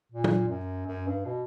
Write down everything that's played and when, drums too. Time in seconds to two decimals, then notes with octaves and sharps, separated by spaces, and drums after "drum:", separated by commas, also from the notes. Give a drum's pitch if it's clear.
0.12 A#2
0.24 drum: tom
0.49 F#2
0.87 F#2
1.07 G2
1.25 B2